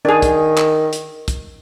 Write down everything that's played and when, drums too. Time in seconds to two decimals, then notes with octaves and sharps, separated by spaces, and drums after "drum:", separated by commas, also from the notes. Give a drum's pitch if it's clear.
0.05 D#3 D4 G#4
0.22 drum: kick, hi-hat
0.58 drum: clap
0.93 drum: hi-hat
1.28 drum: kick, hi-hat